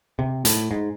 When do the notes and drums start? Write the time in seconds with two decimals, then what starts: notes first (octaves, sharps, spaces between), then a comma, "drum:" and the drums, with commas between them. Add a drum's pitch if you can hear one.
0.19 C3
0.45 A2, drum: hi-hat
0.71 G#2